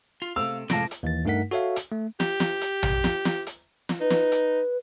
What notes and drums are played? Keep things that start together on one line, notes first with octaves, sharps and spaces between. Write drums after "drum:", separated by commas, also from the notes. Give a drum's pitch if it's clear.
F4
C3 A3 C4 F5 E6
F2 A2 C3 G#3 F5 A5 A#6 D7, drum: snare
drum: hi-hat
D#2 E3 A6
G2 A3 D#4 A#4 F#5 B6
F#4 A4 C#5 E5 F5
drum: hi-hat
A3
G4, drum: snare
drum: snare
drum: hi-hat
drum: tom A#1
drum: snare
drum: snare
drum: hi-hat
drum: snare
D#4 B4
drum: snare
drum: hi-hat